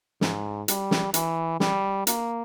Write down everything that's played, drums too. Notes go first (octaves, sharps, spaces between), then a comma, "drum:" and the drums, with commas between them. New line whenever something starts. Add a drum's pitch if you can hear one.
G#2, drum: snare
G3, drum: hi-hat
drum: snare
E3, drum: hi-hat
G3, drum: snare
A#3, drum: hi-hat